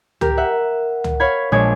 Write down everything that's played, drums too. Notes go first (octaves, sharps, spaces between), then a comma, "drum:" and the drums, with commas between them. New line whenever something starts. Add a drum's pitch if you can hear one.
G4 A#4, drum: tom
E5 F#5
drum: tom
C#5 F5 B5 G#6
A#1 G#3 D4 C#5 D6 G#6